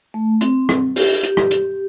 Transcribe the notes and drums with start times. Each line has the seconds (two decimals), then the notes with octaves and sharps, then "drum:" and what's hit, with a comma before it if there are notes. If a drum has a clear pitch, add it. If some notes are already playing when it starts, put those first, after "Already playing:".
0.14 A3
0.41 C4, drum: hi-hat
0.69 drum: rim click
0.96 G4, drum: open hi-hat
1.24 drum: hi-hat
1.37 drum: rim click
1.51 drum: hi-hat